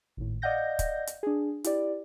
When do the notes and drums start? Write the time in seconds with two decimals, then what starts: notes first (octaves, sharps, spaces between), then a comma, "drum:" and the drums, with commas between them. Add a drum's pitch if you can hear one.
0.17 G#1 A2
0.42 D5 D#5 F5 F#5 G6 A#6
0.79 drum: kick, hi-hat
1.07 drum: hi-hat
1.23 D4 G#4
1.64 E4 G4 D5, drum: hi-hat